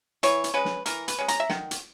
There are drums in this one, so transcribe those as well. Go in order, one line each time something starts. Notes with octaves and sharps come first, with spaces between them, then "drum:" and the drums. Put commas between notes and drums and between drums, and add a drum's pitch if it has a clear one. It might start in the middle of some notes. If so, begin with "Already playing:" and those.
E3 C#5, drum: hi-hat
drum: hi-hat
G#3 C#4 B4
drum: snare
E3 A#4, drum: hi-hat
B4, drum: hi-hat
G#3 C#4
A#5, drum: hi-hat
E5
D#3 F#5, drum: snare
drum: hi-hat